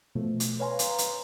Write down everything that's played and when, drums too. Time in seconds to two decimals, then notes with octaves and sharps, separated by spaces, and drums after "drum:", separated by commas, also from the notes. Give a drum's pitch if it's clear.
0.15 B2 F3 A3
0.40 drum: hi-hat
0.59 B4 C#5 F5 G#5 A#5 C6
0.79 drum: hi-hat
0.98 drum: hi-hat